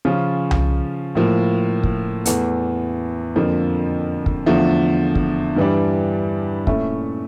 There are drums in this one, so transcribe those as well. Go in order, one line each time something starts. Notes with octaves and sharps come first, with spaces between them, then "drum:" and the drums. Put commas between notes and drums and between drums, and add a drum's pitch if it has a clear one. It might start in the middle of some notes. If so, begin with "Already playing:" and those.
C#3 F3 C#4 F4
drum: tom C2
A2 F3 A#3
drum: kick
E2 E3 A3, drum: hi-hat
F2 D3 F3 A#3
drum: kick
E2 D3 F3 A3
drum: kick
G2 E3 G3 D4
A#2 A3 C#4 E4, drum: kick